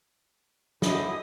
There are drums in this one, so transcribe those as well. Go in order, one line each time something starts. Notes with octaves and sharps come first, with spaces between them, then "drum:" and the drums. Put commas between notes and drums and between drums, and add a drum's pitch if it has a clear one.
F#2 D3 E4 G4 D#5 D#6, drum: snare